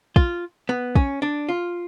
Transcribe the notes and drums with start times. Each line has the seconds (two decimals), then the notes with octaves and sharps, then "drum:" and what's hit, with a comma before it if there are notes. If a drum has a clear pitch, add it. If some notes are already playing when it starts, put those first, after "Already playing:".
0.16 F4, drum: kick
0.69 B3
0.95 C#4, drum: kick
1.22 D4
1.49 F4